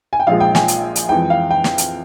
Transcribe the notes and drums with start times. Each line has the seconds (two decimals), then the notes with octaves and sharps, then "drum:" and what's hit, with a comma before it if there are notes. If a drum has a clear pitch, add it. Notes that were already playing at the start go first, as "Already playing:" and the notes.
0.13 G#5
0.20 G5
0.27 A#1 A#2 F3 G#3 F5
0.40 G5
0.55 G#5, drum: snare
0.68 drum: hi-hat
0.96 drum: hi-hat
1.09 F2 E3 G#3 G5
1.30 F5
1.51 G5
1.64 drum: snare
1.78 drum: hi-hat